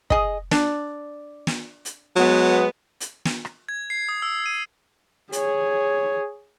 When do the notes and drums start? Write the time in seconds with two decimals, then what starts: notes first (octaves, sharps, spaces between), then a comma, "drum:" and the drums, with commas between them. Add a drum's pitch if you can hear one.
0.10 G#4 D#5, drum: kick
0.51 D4 D5, drum: snare
1.47 drum: snare
1.85 drum: hi-hat
2.17 F#3 G#3 B3
3.00 drum: hi-hat
3.25 drum: snare
3.45 drum: rim click
3.69 G#6
3.90 C7
4.09 D#6
4.22 E6
4.46 D#7
5.32 G#4 C#5, drum: hi-hat